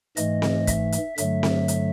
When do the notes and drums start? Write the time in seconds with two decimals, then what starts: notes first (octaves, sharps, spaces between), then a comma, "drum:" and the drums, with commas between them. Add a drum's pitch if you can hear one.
0.17 G#2 E3 A3 D#5, drum: hi-hat
0.42 drum: snare C4
0.67 E5, drum: kick, hi-hat
0.92 drum: hi-hat
1.18 G2 D3 F#3 A3 E5, drum: hi-hat
1.43 drum: snare C4
1.68 drum: hi-hat